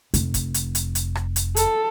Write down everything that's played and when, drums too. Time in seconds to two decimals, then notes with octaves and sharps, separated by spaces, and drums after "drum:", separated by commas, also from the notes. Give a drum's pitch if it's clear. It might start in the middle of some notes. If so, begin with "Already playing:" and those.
0.14 F1, drum: hi-hat
0.34 drum: kick, hi-hat
0.54 drum: hi-hat
0.75 drum: hi-hat
0.95 drum: hi-hat
1.15 drum: rim click
1.36 drum: hi-hat
1.56 A4, drum: hi-hat